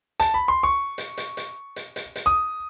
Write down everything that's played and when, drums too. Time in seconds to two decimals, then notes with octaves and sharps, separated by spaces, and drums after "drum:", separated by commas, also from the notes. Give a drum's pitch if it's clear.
0.20 A5, drum: hi-hat
0.34 B5
0.48 C6
0.63 C#6
0.98 drum: hi-hat
1.18 drum: hi-hat
1.37 drum: hi-hat
1.76 drum: hi-hat
1.96 drum: hi-hat
2.16 drum: hi-hat
2.26 D#6